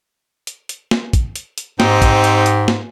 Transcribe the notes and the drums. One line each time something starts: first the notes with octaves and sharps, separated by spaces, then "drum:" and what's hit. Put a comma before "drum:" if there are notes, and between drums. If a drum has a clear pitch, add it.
drum: hi-hat
drum: hi-hat
drum: snare
drum: kick, hi-hat
drum: hi-hat
drum: hi-hat
G#2 C4 D#4 G4, drum: snare
drum: kick, hi-hat
drum: hi-hat
drum: hi-hat
drum: snare